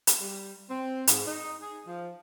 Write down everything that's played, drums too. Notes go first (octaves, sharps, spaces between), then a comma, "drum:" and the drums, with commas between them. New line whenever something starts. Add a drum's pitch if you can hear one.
drum: hi-hat
G3
C4
G#2, drum: hi-hat
D#4
G#4
F3